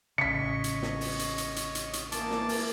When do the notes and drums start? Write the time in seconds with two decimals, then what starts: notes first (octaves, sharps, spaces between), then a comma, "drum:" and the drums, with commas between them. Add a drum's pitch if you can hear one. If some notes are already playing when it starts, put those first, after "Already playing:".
0.18 A1 C#3 C#5 D#5 C#6 B6 C#7
0.64 drum: hi-hat
0.82 drum: snare
1.01 drum: open hi-hat
1.19 drum: hi-hat
1.38 drum: hi-hat
1.56 drum: hi-hat
1.75 drum: hi-hat
1.93 drum: hi-hat
2.12 E3 A#3 A5 D6, drum: hi-hat
2.30 drum: snare
2.49 drum: open hi-hat